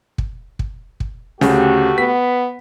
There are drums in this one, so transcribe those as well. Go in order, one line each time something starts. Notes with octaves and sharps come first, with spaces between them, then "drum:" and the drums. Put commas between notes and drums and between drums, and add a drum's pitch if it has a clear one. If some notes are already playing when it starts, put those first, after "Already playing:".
drum: kick
drum: kick
drum: kick
D2 C#3 A3 F#4 G4, drum: snare C#4
B3 B6